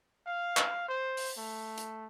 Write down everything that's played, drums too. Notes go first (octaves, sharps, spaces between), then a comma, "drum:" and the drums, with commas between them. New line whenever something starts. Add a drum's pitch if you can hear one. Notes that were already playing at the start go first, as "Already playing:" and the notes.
F5
drum: clap
C5
drum: open hi-hat
A3
drum: hi-hat